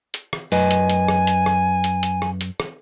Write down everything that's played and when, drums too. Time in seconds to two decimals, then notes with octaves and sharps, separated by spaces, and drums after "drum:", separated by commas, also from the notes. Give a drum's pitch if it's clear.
0.14 drum: hi-hat
0.33 drum: rim click
0.52 F#2 B4 D#5 G#5, drum: open hi-hat
0.71 drum: hi-hat
0.90 drum: hi-hat
1.08 drum: rim click
1.27 drum: hi-hat
1.46 drum: rim click
1.84 drum: hi-hat
2.03 drum: hi-hat
2.22 drum: rim click
2.41 drum: hi-hat
2.60 drum: rim click